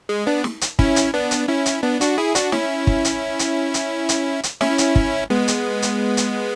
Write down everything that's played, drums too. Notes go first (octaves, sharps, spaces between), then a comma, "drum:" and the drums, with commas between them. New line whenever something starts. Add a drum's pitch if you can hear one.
G#3
B3 D4
drum: snare
drum: hi-hat
C#4 E4, drum: kick
drum: hi-hat
B3 D4
drum: hi-hat
C#4 E4
drum: hi-hat
B3 D4
D4 F#4, drum: hi-hat
E4 G#4
D4 F#4, drum: hi-hat
C#4 E4, drum: snare
drum: kick
drum: hi-hat
drum: hi-hat
drum: hi-hat
drum: hi-hat
drum: hi-hat
C#4 E4, drum: snare
drum: hi-hat
drum: kick
G#3 B3
drum: hi-hat
drum: hi-hat
drum: hi-hat